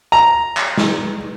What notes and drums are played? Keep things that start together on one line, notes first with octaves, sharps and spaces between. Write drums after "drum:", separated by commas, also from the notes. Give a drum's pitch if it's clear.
A#5
drum: clap
drum: snare